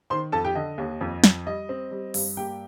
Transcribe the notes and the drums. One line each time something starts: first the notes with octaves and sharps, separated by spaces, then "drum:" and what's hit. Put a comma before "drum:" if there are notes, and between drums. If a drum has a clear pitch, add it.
D#3 C5 C6
F2 A4 A5
G4 G5
D3 D#5
D#2
F2
F2, drum: snare
G3 D#5
C4
G3
G2, drum: open hi-hat
A#3 G4 G5